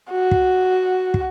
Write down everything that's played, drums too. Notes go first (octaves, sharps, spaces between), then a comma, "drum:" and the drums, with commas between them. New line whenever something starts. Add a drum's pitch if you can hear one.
F#4
drum: kick
drum: kick